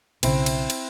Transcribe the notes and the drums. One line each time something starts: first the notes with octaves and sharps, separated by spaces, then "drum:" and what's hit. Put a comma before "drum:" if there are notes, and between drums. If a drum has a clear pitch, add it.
B1 C#3 C4 E4, drum: cymbal
drum: cymbal
drum: cymbal